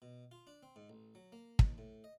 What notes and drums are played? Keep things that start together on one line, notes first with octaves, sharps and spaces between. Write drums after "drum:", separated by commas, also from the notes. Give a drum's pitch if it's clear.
B2
F4
D4
C4
G#2
A1
F#3
A#3
D#2, drum: kick
A2
D#5